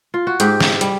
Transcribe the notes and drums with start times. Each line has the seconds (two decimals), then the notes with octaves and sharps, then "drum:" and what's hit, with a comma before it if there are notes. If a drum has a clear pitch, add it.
0.14 F4
0.27 F#4
0.40 G#2 G4, drum: hi-hat
0.61 drum: snare
0.81 G3, drum: hi-hat